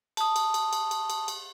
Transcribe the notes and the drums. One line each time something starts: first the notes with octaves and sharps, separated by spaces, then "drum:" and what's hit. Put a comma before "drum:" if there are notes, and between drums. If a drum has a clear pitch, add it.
A5 D#6, drum: cymbal
drum: cymbal
drum: cymbal
drum: cymbal
drum: cymbal
drum: cymbal
drum: cymbal